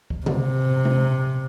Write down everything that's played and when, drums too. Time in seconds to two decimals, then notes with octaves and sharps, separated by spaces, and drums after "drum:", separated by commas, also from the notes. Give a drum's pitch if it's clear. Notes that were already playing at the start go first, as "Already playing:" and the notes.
0.10 drum: kick
0.26 C3, drum: tom C#3
0.85 drum: tom G#3